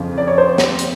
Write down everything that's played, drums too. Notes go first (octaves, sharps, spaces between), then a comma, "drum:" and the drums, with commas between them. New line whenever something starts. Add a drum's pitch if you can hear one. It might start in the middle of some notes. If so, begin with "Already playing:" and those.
Already playing: F2 C#3 F3
D5
C#5
C5
drum: snare
drum: hi-hat